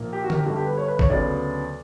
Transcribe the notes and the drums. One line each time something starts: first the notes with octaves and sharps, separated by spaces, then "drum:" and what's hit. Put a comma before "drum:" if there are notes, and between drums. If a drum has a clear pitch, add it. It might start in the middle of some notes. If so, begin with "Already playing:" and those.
Already playing: A#1 A#2 A#3
G4
F#4
A#4, drum: tom D3
G4
G1 G2 D3 F#4
G4
B4
C#5
B4
C#5, drum: kick
D2 C#3 F#3 B3 D5